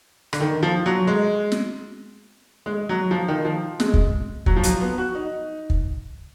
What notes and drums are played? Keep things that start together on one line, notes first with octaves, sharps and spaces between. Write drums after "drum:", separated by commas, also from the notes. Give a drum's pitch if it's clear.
D3, drum: rim click
D#3
F3
F#3
G#3
drum: snare
G#3
F#3
F3
D#3
F3
G#3, drum: snare
drum: kick
F#3, drum: kick
F3
F#3, drum: hi-hat
B3
F#4
D#4
drum: kick